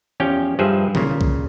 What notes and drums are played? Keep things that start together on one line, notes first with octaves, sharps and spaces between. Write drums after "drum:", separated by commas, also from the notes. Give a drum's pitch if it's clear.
E2 F3 C#4 G4 G5
G2 F3 G#4 B4 C5 E5
A#2 C#3, drum: tom D3
drum: kick C2